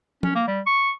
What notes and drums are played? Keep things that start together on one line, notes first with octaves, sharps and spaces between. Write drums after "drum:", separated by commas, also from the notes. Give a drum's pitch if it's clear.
C#4, drum: tom F3
A#3
G3
C#6